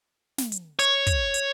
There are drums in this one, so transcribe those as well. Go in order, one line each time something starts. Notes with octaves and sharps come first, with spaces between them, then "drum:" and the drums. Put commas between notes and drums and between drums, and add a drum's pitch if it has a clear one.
drum: snare
drum: hi-hat
C#5, drum: hi-hat
drum: kick, hi-hat
drum: hi-hat